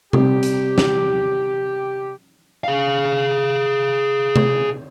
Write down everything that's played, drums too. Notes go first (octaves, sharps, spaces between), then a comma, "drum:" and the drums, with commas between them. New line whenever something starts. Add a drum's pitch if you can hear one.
C3 G3 G4, drum: tom C3
drum: hi-hat
drum: snare
G#4 F5
drum: tom C3